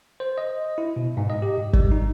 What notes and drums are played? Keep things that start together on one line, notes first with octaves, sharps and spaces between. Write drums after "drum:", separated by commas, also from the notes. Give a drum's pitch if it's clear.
C5
D#5
E4
B2
G#2
D#5
G4
G#2
G3, drum: kick G#1
D#4